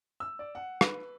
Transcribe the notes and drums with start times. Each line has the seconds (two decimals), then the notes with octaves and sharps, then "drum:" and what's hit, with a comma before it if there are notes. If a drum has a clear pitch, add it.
0.20 E6
0.39 D5
0.55 F#5
0.81 B4, drum: rim click